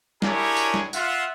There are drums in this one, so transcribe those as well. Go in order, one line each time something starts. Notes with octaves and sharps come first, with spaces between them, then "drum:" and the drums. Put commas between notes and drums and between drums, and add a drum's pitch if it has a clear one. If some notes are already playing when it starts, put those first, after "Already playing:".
D4 E4 G4 G#4 A#4 C#5, drum: snare
drum: tambourine
drum: snare
F4 E5 F#5, drum: tambourine